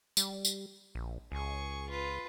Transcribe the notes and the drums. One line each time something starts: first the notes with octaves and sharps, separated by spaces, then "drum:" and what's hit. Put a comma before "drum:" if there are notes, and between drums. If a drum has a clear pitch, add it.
G3, drum: tambourine
drum: tambourine
A#1
C#2 G#4 C#6
F4 B4